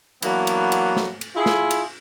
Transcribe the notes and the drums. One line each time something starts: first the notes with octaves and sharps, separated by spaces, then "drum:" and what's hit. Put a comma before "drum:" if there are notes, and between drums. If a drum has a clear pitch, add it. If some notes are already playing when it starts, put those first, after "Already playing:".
E3 F#3 A#3 B3 D4, drum: cymbal
drum: cymbal
drum: cymbal
drum: snare
drum: cymbal
E4 F4 G#4
drum: snare
drum: cymbal